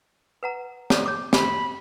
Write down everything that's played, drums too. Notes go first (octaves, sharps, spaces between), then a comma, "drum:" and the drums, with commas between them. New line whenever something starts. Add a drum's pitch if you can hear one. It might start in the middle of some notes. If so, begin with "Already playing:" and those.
B4 F#5 A#5
A4 C#5 D5, drum: snare
C#5 D6
G4 B5, drum: snare